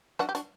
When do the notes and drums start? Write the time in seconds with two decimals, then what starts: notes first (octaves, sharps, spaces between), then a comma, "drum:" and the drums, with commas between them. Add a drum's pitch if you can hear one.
0.19 D4 F#4, drum: rim click
0.29 G4
0.35 D4 F#4, drum: hi-hat